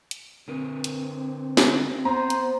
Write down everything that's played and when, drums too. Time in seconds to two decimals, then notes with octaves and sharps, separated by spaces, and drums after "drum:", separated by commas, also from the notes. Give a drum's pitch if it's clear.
0.11 drum: hi-hat
0.48 D3 C4 A#4 B4
0.84 drum: hi-hat
1.57 drum: snare
2.05 B3 C5 A#5
2.30 drum: hi-hat